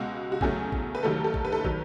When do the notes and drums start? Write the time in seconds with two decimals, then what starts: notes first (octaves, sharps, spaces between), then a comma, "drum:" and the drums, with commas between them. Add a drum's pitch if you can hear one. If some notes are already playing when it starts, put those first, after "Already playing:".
Already playing: C#2 B2 G#3 F#4
0.32 F#4
0.41 E2 C#3 F#3 A3 G#4, drum: kick
0.72 drum: kick
0.95 B4
1.03 D#2 D#3 F#3 A3 A4
1.24 A4
1.34 drum: kick
1.45 B4
1.52 A4
1.60 B4
1.65 D#3 F#3, drum: kick